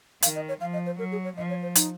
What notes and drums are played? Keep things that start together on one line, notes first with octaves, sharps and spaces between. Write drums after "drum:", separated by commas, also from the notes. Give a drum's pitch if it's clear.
D#3 F5, drum: hi-hat
D#5
C#5
F3 F5
D#5
C5
F#3 A#4
G#4
C#5
F3 D#5
C#5
C5
D#4, drum: hi-hat